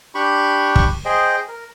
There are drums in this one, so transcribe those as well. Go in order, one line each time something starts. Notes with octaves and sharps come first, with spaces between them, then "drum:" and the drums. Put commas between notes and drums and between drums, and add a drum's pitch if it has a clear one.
D4 G4 B5 C#6
drum: kick
G#4 C5 D#5 G5
A#4